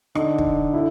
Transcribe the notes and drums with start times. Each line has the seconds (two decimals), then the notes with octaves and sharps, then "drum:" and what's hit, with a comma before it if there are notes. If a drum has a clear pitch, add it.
0.15 D3 D#4, drum: rim click
0.38 drum: kick
0.74 E4